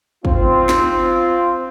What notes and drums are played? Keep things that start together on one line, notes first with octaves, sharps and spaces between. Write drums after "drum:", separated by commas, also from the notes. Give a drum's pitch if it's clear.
C4 F4, drum: kick
drum: snare